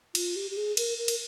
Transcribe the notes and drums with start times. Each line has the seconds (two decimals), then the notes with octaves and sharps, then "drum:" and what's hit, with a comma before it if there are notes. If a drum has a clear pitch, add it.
0.15 F4, drum: cymbal
0.36 G4
0.51 G4
0.57 G#4
0.77 A#4, drum: cymbal
0.97 A#4
1.08 drum: cymbal